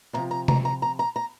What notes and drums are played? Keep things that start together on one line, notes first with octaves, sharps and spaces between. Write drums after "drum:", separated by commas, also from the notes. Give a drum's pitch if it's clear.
E2 C3 F3 A#5
A#5
A#5, drum: tom C3
A#5
A#5
A#5
A#5